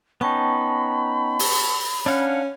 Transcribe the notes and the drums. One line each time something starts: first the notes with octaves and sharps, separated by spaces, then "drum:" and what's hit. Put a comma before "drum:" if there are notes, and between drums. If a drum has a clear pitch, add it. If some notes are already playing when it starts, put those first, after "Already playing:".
B3 C#4 D#4 G5 A5 B5 C#6
drum: open hi-hat
C#4 D4 F5 F#5